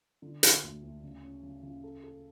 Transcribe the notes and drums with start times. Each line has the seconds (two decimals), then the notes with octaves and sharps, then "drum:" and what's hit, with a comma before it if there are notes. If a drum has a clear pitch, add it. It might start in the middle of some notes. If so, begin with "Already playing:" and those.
0.22 D3
0.43 D3, drum: hi-hat
0.63 D2
0.83 D2
1.03 C#3
1.23 C#4
1.43 C#3
1.63 C#3
1.84 A4
2.04 A4